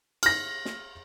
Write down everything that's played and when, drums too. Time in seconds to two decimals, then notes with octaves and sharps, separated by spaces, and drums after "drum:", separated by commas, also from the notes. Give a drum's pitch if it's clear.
0.23 F6 A#6, drum: cymbal
0.65 drum: snare